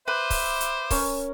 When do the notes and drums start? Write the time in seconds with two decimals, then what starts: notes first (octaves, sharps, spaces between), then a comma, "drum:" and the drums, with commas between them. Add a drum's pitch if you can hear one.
0.08 B4 C5 E5 D6
0.30 drum: kick C#1, open hi-hat
0.60 drum: hi-hat
0.90 C#4 A#4, drum: kick C#1, open hi-hat